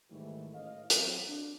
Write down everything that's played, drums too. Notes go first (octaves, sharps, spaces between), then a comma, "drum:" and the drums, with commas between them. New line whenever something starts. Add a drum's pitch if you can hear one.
G#2 D#3 E3 G3 A3
A1 D#5 F5
E2 F#3 C4, drum: hi-hat
D4